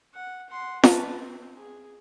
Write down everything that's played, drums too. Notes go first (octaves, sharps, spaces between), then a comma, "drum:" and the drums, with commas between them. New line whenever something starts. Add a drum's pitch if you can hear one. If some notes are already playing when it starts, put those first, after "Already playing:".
F#5
F#5 C6
B4 A5, drum: snare F4
C4
G#4